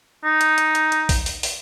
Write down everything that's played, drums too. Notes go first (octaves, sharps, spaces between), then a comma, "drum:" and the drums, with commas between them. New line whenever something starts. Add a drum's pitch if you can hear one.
D#4
drum: hi-hat
drum: hi-hat
drum: hi-hat
drum: hi-hat
drum: kick, open hi-hat
drum: open hi-hat
drum: open hi-hat